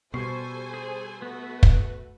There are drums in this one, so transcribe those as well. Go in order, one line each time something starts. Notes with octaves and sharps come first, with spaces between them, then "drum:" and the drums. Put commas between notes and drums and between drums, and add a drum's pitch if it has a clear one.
B2 G3 A4 C5 G#5 C#6 C7
G#4
A3 B3 F#4 B4
drum: kick